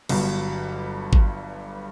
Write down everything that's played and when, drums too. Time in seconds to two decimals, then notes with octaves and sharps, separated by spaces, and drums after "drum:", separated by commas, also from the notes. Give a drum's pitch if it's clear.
0.09 G1 G2 F#3, drum: cymbal
1.13 drum: kick G#1